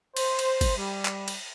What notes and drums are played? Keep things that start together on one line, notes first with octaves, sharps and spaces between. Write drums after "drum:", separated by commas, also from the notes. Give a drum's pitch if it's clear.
C5, drum: cymbal
drum: cymbal
drum: kick, cymbal
G3
drum: clap
drum: cymbal